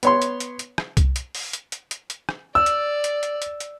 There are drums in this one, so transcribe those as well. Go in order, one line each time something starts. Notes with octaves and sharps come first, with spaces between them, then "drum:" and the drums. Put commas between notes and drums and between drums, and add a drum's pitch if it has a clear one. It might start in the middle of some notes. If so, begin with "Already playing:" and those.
B3 C#5 C6, drum: hi-hat
drum: hi-hat
drum: hi-hat
drum: hi-hat
drum: rim click
drum: kick C2, hi-hat
drum: hi-hat
drum: open hi-hat
drum: hi-hat
drum: hi-hat
drum: hi-hat
drum: hi-hat
drum: rim click
D5 E6
drum: hi-hat
drum: hi-hat
drum: hi-hat
drum: hi-hat
drum: hi-hat